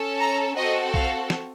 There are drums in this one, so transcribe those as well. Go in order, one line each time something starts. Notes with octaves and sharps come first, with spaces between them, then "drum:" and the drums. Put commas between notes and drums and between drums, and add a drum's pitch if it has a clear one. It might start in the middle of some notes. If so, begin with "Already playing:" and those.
Already playing: C#4 A4
A#5
C4 F#4 A4 D#5
F5, drum: kick B1
drum: snare